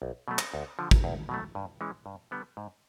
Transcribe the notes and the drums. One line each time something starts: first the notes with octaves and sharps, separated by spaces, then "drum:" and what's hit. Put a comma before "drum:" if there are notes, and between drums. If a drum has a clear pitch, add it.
B1
B2 F#3 A3
drum: clap
D2
D3 F3
drum: kick
E2
B2 F#3 A3
G2
E3 G#3 C#4
G2
D3 G3 B3
G#2